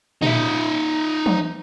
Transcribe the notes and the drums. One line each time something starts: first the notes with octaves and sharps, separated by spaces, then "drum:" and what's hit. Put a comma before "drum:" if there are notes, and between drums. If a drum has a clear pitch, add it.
D#4 E5, drum: tom A#2
drum: tom E3